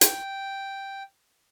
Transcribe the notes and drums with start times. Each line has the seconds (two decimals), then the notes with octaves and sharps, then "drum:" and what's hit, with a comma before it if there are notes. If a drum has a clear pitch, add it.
0.01 G5, drum: hi-hat